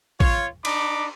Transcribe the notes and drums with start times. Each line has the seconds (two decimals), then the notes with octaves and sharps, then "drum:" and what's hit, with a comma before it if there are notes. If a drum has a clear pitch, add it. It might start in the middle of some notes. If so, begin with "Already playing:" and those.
0.20 F4 C#5, drum: kick A1
0.65 D4 D#4 B5 D6, drum: cymbal